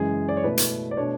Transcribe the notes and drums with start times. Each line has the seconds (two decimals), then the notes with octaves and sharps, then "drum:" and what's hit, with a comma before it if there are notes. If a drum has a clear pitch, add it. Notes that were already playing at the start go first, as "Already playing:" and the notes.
Already playing: F#2 C#3 E3 G#3 G#4
0.29 D5
0.37 C#5
0.44 B2 A3 E4 B4
0.57 drum: hi-hat
0.91 D5
0.97 B2 A3 D4 C#5